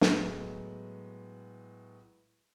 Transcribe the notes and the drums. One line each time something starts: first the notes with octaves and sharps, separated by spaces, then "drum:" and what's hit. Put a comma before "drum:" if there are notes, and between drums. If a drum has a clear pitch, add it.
A2 F#3 G#3 B3, drum: snare